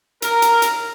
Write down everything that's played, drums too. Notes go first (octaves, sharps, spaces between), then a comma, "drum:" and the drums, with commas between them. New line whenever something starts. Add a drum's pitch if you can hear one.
A#4, drum: hi-hat
drum: hi-hat
drum: hi-hat